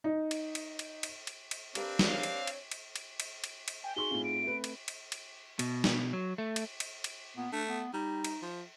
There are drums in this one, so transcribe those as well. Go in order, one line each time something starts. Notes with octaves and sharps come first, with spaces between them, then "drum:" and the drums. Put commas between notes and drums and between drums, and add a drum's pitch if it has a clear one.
D#4
drum: cymbal
drum: cymbal
drum: cymbal
drum: cymbal
drum: cymbal
drum: cymbal
C4 D4 G4 A#4 B4 F5, drum: cymbal
drum: snare
C#5 F5
drum: cymbal
drum: cymbal
drum: cymbal
drum: cymbal
drum: cymbal
drum: cymbal
drum: cymbal
G5 G#5
D#4 F#4 G#4 C6 C#6 G7
A2 C4 C#4 F4
D7
A3 B4
drum: cymbal
drum: cymbal
drum: cymbal
B2, drum: cymbal
drum: snare
F#3
A3
drum: cymbal
drum: cymbal
drum: cymbal
A#2 B3
A3 D4
B3
G3 D#4
drum: cymbal
F3